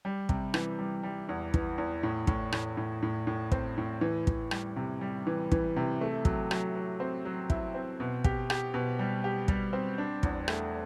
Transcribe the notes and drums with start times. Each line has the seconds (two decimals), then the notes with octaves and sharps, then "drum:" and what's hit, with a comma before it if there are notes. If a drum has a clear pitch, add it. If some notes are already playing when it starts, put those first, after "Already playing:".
0.05 G3
0.29 C3, drum: kick
0.54 E3, drum: rim click
0.79 G3
1.03 G3
1.29 E2
1.54 E3, drum: kick
1.78 E2
2.03 A2
2.27 A2, drum: kick
2.52 A2, drum: rim click
2.77 A2
3.03 A2
3.27 A2
3.52 C4, drum: kick
3.78 A2
4.01 E3
4.27 E3, drum: kick
4.51 G3, drum: rim click
4.76 C3
5.01 G3
5.27 E3
5.52 E3, drum: kick
5.76 C3
6.01 A3
6.25 F#3, drum: kick
6.51 F#3, drum: rim click
6.75 F#3
7.00 C4
7.25 F#3
7.50 E4, drum: kick
7.74 C4
8.00 B2
8.24 G4, drum: kick
8.50 G4, drum: rim click
8.74 B2
8.99 G3
9.24 G4
9.48 G3, drum: kick
9.73 C4
9.98 D4
10.23 E2, drum: kick
10.48 A3, drum: rim click